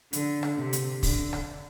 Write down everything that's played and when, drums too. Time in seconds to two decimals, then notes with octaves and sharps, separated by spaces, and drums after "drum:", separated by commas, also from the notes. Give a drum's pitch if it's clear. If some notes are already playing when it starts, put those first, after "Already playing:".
0.13 D3, drum: hi-hat
0.43 drum: rim click
0.58 C3
0.73 drum: hi-hat
1.03 D3, drum: kick, open hi-hat
1.33 drum: rim click